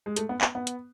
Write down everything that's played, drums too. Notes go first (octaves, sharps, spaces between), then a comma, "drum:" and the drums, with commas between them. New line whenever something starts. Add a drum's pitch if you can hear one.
G#3
A3, drum: hi-hat
B3
B3, drum: clap
B3
drum: hi-hat